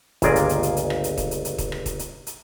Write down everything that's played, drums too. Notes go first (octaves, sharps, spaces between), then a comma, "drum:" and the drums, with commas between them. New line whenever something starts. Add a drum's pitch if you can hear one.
G1 C#2 A#2 G#4 D5 A#5, drum: kick, hi-hat
drum: hi-hat
drum: hi-hat
drum: hi-hat
drum: hi-hat
drum: rim click
drum: hi-hat
drum: kick, hi-hat
drum: hi-hat
drum: hi-hat
drum: kick, hi-hat
drum: rim click
drum: kick, hi-hat
drum: hi-hat
drum: hi-hat